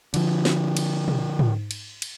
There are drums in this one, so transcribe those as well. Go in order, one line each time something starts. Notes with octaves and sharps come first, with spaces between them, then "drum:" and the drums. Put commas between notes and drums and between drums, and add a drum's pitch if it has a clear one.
D3 F3, drum: cymbal
drum: snare
drum: cymbal
drum: tom
drum: tom
drum: cymbal
drum: cymbal